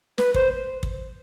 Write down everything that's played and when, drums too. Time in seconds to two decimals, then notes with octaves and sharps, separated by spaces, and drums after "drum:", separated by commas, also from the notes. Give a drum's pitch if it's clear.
0.18 B4, drum: snare
0.34 C5, drum: kick
0.83 drum: kick